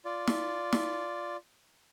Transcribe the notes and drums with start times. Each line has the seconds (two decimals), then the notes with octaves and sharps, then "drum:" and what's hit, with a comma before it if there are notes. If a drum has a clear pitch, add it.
0.05 F4 D5
0.28 drum: snare
0.73 drum: snare